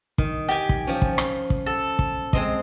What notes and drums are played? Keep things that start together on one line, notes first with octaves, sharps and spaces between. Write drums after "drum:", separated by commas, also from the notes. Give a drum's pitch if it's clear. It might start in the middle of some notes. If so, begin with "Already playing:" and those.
D#3, drum: kick
G4 D5 G#5
drum: kick
F3 C#4
drum: kick
drum: rim click
drum: kick
A4
drum: kick
G#3 C4 D#5, drum: kick